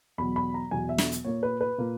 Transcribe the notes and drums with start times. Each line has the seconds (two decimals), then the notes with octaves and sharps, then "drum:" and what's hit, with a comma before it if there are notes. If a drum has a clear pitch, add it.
0.18 E2 B2 F#3 B5
0.36 B5
0.54 A#5
0.71 E2 B2 F#3 G#5
0.89 E5
0.98 drum: snare
1.12 drum: hi-hat
1.25 A#2 A#3 C#5
1.43 B4
1.61 B4
1.78 A#2 A#3